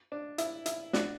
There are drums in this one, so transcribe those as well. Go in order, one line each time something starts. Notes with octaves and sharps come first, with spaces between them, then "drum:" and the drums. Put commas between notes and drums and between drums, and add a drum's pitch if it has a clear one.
D4
E4, drum: hi-hat
E4, drum: hi-hat
D4 F#4, drum: snare